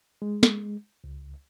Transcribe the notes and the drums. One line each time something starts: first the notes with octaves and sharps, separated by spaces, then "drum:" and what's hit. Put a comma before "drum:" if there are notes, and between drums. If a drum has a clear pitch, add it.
G#3
drum: snare
C#2